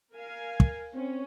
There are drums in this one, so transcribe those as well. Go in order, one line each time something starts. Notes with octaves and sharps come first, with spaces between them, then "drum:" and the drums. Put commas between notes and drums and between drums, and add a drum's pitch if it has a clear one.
A#4 F5 G#5
drum: kick
C4 C#4